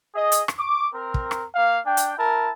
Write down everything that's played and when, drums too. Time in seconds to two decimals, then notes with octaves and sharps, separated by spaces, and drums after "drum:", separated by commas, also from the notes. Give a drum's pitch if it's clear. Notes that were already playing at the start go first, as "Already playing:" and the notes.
0.15 G#4 D#5
0.32 drum: hi-hat
0.48 drum: rim click
0.59 C#6 D6
0.94 C4 A#4
1.14 drum: kick
1.31 drum: rim click
1.55 A#3 F5
1.86 D4 G5
1.97 drum: hi-hat
2.18 E4 A#4 A5